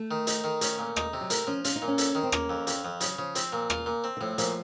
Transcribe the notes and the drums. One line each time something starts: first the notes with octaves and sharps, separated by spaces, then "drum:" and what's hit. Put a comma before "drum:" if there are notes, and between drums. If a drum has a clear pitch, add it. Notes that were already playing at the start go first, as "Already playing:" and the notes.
Already playing: A3
D#3
D#4, drum: hi-hat
D#3
A3 C#4, drum: hi-hat
A#2
D#4, drum: rim click
C3
F#3
A3 A#4, drum: hi-hat
F3 C#4
C#4 F4, drum: hi-hat
D#4
A#2
C#4
A4, drum: hi-hat
D#3
C4
A#3 C#4, drum: rim click
F2
F2, drum: hi-hat
F2
C#3 F#3, drum: hi-hat
C#3 F3
C4, drum: hi-hat
A#2
F4, drum: rim click
A#2
C4
D#3
A2 F3
A#2 F3, drum: hi-hat